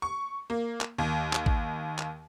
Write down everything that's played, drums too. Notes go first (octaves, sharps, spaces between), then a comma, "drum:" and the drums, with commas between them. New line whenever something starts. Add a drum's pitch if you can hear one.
C#6
A#3
drum: clap
D#2
drum: clap
drum: kick
drum: clap